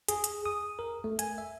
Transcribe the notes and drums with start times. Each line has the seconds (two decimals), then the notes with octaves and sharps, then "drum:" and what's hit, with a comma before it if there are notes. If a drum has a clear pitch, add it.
0.08 G#4, drum: hi-hat
0.24 drum: hi-hat
0.46 D#6
0.79 A#4
1.04 A3
1.19 G#5, drum: hi-hat
1.38 E5